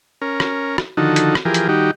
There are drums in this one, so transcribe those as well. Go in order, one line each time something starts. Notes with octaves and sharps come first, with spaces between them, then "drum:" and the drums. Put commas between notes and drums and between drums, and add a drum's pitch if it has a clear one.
C#4 A#4
drum: rim click
drum: rim click
D3 D#3 F3 D#4 F#4 A4
drum: hi-hat
drum: rim click
E3 F3 G4 G#4 A#4
drum: hi-hat
D#3 G3 D#4 F#4 G4